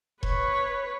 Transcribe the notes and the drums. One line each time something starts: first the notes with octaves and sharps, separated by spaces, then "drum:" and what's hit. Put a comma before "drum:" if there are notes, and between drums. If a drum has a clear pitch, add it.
B4 C#5, drum: kick E1